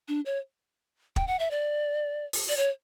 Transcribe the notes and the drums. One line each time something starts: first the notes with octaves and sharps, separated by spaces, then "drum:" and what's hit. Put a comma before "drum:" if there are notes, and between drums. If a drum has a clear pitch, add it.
D4
C#5
G5, drum: kick
F#5
E5
D5
drum: open hi-hat
D5
C#5